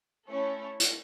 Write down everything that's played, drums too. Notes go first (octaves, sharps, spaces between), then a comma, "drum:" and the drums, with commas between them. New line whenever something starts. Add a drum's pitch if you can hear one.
A3 C#4 E4 A4 C#5
drum: hi-hat